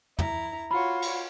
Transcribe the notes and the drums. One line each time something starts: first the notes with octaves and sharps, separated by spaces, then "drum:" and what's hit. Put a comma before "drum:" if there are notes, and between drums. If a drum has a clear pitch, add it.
E4 A#5, drum: tom
F4 F#4 C#5 B5
drum: cymbal